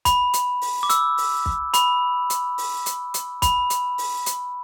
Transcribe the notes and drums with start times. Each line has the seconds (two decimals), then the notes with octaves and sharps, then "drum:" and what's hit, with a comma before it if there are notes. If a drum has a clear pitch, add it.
0.05 B5, drum: kick, hi-hat
0.33 drum: hi-hat
0.62 drum: open hi-hat
0.83 D6
0.90 E6, drum: hi-hat
1.18 drum: open hi-hat
1.46 drum: kick
1.74 B5, drum: hi-hat
2.30 drum: hi-hat
2.58 drum: open hi-hat
2.86 drum: hi-hat
3.14 drum: hi-hat
3.42 B5, drum: kick, hi-hat
3.70 drum: hi-hat
3.98 drum: open hi-hat
4.26 drum: hi-hat